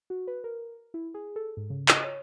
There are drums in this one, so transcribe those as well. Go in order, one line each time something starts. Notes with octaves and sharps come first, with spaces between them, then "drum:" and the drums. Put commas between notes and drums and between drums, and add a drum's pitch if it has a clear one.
F#4
B4
A#4
E4
G#4
A4
G#2
C#3
D#5, drum: clap
C#5